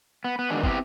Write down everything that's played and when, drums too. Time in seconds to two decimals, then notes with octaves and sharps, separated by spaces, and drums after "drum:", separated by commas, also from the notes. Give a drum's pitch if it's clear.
0.24 B3
0.39 B3
0.50 E2 D#3 G#3 D4 F#4
0.63 B3 C4 E4 F#4 G4, drum: kick